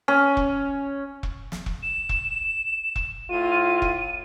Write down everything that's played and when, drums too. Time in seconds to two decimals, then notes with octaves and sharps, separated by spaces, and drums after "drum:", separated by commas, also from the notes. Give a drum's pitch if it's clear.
0.08 C#4
0.37 drum: kick E1
1.23 drum: kick E1
1.52 drum: snare
1.66 drum: kick E1
1.83 E7
2.09 drum: kick E1
2.96 drum: kick E1
3.30 A2 F4 D#7
3.82 drum: kick E1